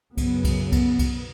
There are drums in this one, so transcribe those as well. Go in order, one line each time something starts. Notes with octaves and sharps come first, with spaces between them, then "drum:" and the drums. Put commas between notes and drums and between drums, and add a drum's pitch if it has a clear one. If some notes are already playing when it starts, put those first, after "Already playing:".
F#2 C#3 B3, drum: kick C2, cymbal
drum: kick C2, cymbal
B3, drum: kick C2, cymbal
drum: kick C2, cymbal